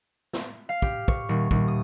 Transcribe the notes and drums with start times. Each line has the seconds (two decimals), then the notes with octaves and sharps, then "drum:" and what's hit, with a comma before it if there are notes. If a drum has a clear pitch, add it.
0.33 drum: snare
0.69 F5
0.82 G4, drum: kick
1.08 C#6, drum: kick
1.29 D#1
1.51 D#1, drum: kick
1.68 D#6